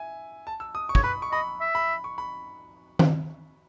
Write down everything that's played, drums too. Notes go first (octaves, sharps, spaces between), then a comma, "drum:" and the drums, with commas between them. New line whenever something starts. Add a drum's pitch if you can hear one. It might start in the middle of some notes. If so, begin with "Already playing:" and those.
Already playing: E5 G#5
A5
E6
D#6
C#6
C#5, drum: kick
B4 B5
C#6
D#5 B5
E5
B5
C#6
B5
drum: tom D#3